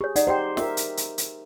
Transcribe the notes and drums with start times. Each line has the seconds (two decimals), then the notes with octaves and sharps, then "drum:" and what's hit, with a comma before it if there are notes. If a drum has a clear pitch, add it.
0.01 G4 G#4 C#5
0.16 D#4 D5 F#5, drum: hi-hat
0.27 G4 C5 F#5 G5
0.57 A#4 E5, drum: snare
0.77 drum: hi-hat
0.97 drum: hi-hat
1.18 drum: hi-hat